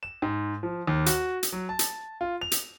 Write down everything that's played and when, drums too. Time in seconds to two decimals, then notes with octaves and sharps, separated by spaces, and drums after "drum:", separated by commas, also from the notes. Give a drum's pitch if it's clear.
0.03 E7
0.22 G#2
0.63 F3
0.87 D#2
1.06 F#4, drum: hi-hat
1.43 drum: hi-hat
1.52 F#3
1.69 A5
1.79 drum: hi-hat
2.21 F4
2.41 F7
2.52 drum: hi-hat